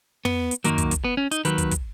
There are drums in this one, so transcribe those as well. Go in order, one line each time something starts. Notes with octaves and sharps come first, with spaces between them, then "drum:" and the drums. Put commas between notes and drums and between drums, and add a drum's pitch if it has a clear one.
B3, drum: tom
drum: hi-hat
F#2 D#3 F#3 A#3, drum: hi-hat
drum: kick, hi-hat
drum: kick, hi-hat
B3
C#4
D#4, drum: hi-hat
D#2 D#3 F#3 B4, drum: hi-hat
drum: kick, hi-hat
drum: kick, hi-hat